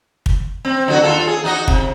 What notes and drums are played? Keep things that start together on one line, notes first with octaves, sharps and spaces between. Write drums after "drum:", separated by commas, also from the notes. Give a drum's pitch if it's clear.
drum: kick
C4
D3 F#3 F#4
D#2 F4 A4
G#4
D#4 F#4 D#5
C3, drum: kick